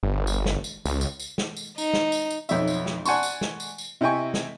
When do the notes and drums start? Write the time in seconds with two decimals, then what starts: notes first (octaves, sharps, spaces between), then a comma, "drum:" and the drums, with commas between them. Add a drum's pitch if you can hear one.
0.03 G1
0.27 drum: tambourine
0.46 drum: snare
0.64 drum: tambourine
0.85 C#2, drum: tambourine
1.01 drum: tambourine
1.20 drum: tambourine
1.38 drum: snare
1.56 drum: tambourine
1.78 D#4, drum: tambourine
1.93 drum: snare
2.12 drum: tambourine
2.30 drum: tambourine
2.49 B1 F2 D#4 C#5 E5, drum: tambourine
2.67 drum: tambourine
2.86 drum: snare
3.05 D5 F#5 G#5 A5 C6 C#6, drum: tambourine
3.23 drum: tambourine
3.41 drum: snare
3.60 drum: tambourine
3.78 drum: tambourine
4.01 C3 E4 D#5 G5 G#5 C#6
4.34 drum: snare